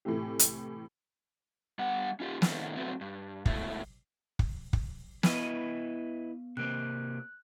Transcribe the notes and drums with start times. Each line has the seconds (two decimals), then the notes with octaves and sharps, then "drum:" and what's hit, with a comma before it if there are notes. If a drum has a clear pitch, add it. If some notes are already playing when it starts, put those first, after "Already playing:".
0.05 A2 C3 E3 A3 G4
0.39 drum: hi-hat
1.79 G3 B3 F#5
2.20 C#4 F4 G4
2.42 D#3 A3 B3 C4 D4 E4, drum: snare
2.76 F#3 A3 B3 C4
3.01 G2
3.46 G#2 B2 A3 E4, drum: kick
4.39 drum: kick
4.73 drum: kick
5.23 B3 E4 B4 D#5, drum: snare
6.57 C3 A#3 C4 F#6